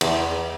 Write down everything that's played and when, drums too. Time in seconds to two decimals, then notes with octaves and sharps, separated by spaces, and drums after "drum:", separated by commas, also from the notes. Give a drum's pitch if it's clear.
0.01 E2, drum: cymbal